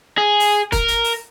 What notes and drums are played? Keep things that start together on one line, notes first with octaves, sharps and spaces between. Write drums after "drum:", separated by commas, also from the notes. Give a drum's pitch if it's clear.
G#4
drum: open hi-hat
A#4, drum: kick, hi-hat
drum: hi-hat
drum: open hi-hat